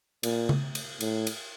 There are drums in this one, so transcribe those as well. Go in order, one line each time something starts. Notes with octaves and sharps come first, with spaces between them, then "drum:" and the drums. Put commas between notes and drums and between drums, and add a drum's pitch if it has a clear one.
A#2, drum: cymbal
drum: tom C#3
drum: cymbal
A2, drum: cymbal
drum: cymbal